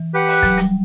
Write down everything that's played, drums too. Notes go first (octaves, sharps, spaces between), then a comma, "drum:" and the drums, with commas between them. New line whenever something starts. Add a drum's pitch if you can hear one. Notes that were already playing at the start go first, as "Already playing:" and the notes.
Already playing: E3
G4 B4 F#5
drum: open hi-hat
F#3, drum: kick, hi-hat
G3, drum: hi-hat